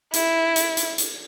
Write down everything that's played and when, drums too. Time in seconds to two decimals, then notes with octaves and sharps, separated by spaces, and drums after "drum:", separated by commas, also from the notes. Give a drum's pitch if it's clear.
0.13 E4, drum: hi-hat
0.56 drum: hi-hat
0.77 drum: hi-hat
0.98 drum: hi-hat